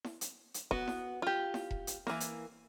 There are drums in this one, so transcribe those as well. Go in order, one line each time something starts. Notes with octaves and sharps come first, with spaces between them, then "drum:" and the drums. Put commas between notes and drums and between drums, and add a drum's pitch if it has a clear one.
drum: snare E4
drum: hi-hat
drum: hi-hat
B3 F#4, drum: kick E1
drum: snare E4
F4 G4
drum: snare E4
drum: kick E1
drum: hi-hat
E3 A#3, drum: snare E4
drum: hi-hat